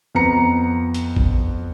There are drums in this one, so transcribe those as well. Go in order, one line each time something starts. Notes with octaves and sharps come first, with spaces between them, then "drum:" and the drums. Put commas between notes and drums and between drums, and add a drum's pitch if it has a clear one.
F2 B3 A#5 C#7
drum: hi-hat
drum: kick A1